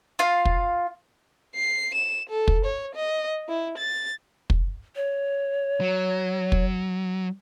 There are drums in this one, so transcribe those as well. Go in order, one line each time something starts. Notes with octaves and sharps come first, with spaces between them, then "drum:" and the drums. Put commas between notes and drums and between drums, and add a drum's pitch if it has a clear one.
F4 F5
drum: kick
C7
E7
A4
drum: kick
C#5
D#5
E4
A6
drum: kick
C#5
F#3
drum: kick